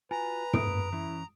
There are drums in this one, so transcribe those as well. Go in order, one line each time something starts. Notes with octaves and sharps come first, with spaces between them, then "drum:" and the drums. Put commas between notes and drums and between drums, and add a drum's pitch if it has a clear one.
F4 F#4 B4 G#5 A#5
G#2 A#3 D#6 D7, drum: tom
E3 C#4 E4